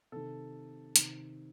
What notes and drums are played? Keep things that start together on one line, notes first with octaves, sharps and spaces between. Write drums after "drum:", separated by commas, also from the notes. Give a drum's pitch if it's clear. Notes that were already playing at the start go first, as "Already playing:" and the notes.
C3 D#3 A4
C3 D#3, drum: hi-hat